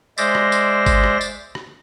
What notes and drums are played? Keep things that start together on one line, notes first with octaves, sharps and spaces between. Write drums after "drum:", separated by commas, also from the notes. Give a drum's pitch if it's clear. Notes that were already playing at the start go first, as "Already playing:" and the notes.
G#3 C5 D5 E5 A#6, drum: tambourine
drum: rim click
drum: tambourine
drum: kick, tambourine
drum: rim click
drum: tambourine
drum: rim click